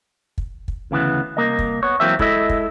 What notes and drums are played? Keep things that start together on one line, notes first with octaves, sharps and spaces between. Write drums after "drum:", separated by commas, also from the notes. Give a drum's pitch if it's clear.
drum: kick
drum: kick
D2 C#3 E3 B3
C2 A#3 D#5
drum: kick
B3 C#5
E3 F#3 A#3 C4 E5
G#3 E4 A4 D#5 E5, drum: kick
drum: kick